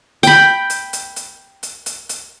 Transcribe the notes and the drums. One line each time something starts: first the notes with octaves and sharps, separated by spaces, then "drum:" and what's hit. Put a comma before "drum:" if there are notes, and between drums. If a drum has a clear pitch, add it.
G5 B5, drum: hi-hat
drum: hi-hat
drum: hi-hat
drum: hi-hat
drum: hi-hat
drum: hi-hat
drum: hi-hat